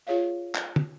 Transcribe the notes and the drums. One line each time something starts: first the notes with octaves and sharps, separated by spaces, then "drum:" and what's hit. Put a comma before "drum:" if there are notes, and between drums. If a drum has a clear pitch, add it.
F4 G#4 C#5 E5 F5
drum: clap
drum: tom